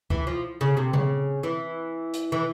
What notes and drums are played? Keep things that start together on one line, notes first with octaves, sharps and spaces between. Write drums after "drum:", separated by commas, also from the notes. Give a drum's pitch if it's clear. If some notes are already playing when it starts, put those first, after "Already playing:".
E3, drum: kick D2
F3
C#3
C3
C#3, drum: tom A#2
E3
drum: hi-hat
E3